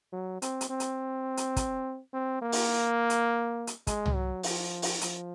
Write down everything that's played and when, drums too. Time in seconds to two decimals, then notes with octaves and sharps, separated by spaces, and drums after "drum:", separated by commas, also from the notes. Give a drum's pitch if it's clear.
0.12 F#3
0.42 C4, drum: hi-hat
0.61 drum: hi-hat
0.70 C4
0.80 drum: hi-hat
1.37 drum: hi-hat
1.56 drum: kick, hi-hat
2.13 C4
2.42 A#3
2.52 drum: open hi-hat
3.10 drum: hi-hat
3.67 drum: hi-hat
3.87 G#3, drum: kick, hi-hat
4.06 drum: tom
4.15 F#3
4.43 F3, drum: open hi-hat
4.82 drum: open hi-hat
5.01 F3, drum: hi-hat